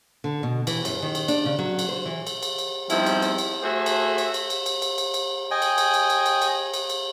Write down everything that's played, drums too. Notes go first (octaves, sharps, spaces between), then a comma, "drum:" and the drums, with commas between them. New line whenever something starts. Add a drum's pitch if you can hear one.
D3
B2
E3, drum: cymbal
F#2, drum: cymbal
D#3
drum: cymbal
D4, drum: cymbal
C#3
F#3
drum: cymbal
C5
E3
drum: cymbal
drum: cymbal
drum: cymbal
F3 G3 B3 C4 D#4 E4, drum: cymbal
drum: cymbal
drum: cymbal
drum: cymbal
A3 F#4 G#4 A4 C5 E5
drum: cymbal
drum: cymbal
drum: cymbal
drum: cymbal
drum: cymbal
drum: cymbal
drum: cymbal
drum: cymbal
D#5 G5 G#5
drum: cymbal
drum: cymbal
drum: cymbal
drum: cymbal
drum: cymbal
drum: cymbal
drum: cymbal
drum: cymbal